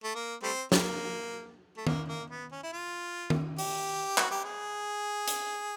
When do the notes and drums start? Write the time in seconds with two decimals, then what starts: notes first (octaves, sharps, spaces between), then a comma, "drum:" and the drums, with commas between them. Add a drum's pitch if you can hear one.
0.04 A3
0.15 A#3
0.43 G3 A3 C4
0.72 F3 G3 A#3, drum: snare
1.77 A3
1.87 A#3, drum: tom D#3
2.08 A#3
2.30 B3
2.51 C#4
2.63 E4
2.72 F4
3.30 drum: tom D#3
3.59 G4, drum: open hi-hat
4.18 F#4, drum: clap
4.31 G4
4.45 G#4
5.28 drum: hi-hat